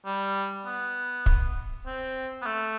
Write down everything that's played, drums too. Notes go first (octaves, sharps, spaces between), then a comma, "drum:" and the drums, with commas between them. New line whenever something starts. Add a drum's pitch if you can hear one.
G3
B3
drum: kick
C4
B3
A3